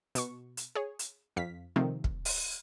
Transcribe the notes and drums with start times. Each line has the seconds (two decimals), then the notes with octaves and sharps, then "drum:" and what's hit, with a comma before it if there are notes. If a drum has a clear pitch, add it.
0.15 B2 C#6, drum: hi-hat
0.57 drum: hi-hat
0.75 G#4 C#5
0.99 drum: hi-hat
1.36 F2 F5 B6
1.76 C3 D#3 F3 A3 C4
2.04 drum: kick
2.25 drum: open hi-hat